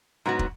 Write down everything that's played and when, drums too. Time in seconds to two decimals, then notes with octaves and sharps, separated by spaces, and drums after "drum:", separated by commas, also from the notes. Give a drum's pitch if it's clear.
0.26 G#2 F#3 B3 F#4
0.39 drum: kick